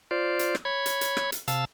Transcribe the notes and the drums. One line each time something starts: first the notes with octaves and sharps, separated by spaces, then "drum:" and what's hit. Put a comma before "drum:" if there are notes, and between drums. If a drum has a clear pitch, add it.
F4 C5 D5
drum: hi-hat
drum: rim click
C#5 B5 G#6
drum: hi-hat
drum: hi-hat
drum: rim click
drum: hi-hat
C3 F5 A5 E6, drum: hi-hat